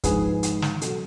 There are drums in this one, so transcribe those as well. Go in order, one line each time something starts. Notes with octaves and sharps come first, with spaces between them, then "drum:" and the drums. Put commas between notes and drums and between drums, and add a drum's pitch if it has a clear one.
G#2 F3 G#3 G#4 B4, drum: kick, hi-hat
drum: hi-hat
drum: snare
B2 F#3 B3 F#4 A4, drum: hi-hat